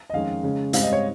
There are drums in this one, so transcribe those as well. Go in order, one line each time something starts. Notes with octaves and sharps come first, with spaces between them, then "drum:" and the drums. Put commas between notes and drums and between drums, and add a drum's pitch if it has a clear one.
D#5
F2 D#3 G#3 C#4 F5
C#3 G#3 C#4
G#2 G3 C4 F5, drum: hi-hat
D#5
C#5